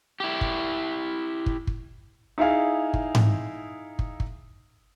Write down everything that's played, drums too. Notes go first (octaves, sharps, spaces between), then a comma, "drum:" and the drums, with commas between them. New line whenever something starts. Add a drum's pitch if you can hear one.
E4 G4
drum: kick
drum: kick
drum: kick
D#4 E4 G#4 F5
drum: kick
drum: tom G#2
drum: kick
drum: kick